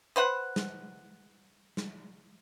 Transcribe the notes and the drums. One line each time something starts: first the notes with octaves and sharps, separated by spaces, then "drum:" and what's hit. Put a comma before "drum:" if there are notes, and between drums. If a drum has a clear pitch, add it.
B4 C5 F#5
drum: snare
drum: snare